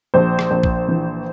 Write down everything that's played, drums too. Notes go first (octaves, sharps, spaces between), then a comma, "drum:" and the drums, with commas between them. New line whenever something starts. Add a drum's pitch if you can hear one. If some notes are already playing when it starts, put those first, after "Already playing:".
A#1 C5
drum: rim click
A#1
drum: kick A#1
E3